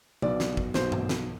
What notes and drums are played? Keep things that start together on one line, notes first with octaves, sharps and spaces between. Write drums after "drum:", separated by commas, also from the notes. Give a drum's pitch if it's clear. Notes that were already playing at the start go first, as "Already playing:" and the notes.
B1 B2 D5, drum: tom C3
drum: snare
drum: kick
B1 B2 C5, drum: snare
drum: tom G2
drum: snare